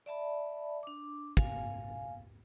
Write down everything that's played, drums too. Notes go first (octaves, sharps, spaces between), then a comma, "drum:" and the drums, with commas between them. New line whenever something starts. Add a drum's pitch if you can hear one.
D5 E5 A5 B5
D4 D6
F5 G#5, drum: kick